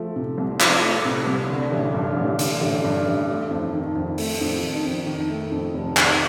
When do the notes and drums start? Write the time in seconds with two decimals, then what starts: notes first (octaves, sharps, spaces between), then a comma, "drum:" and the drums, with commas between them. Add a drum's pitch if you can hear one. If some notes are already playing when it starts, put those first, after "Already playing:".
Already playing: F3 A3
0.16 C3
0.38 C2
0.61 F3, drum: clap
0.82 A3
1.05 C3
1.27 C2
1.50 D3
1.72 A1
1.94 G2
2.17 A1
2.39 D3, drum: hi-hat
2.61 A1
2.84 G2
3.06 A1
3.28 A3
3.50 F2
3.74 D#3
3.95 F2
4.18 A3, drum: open hi-hat
4.41 F2
4.63 D#3
4.85 F2
5.07 D#3
5.30 A3
5.52 F2
5.74 F1
5.97 D#3, drum: clap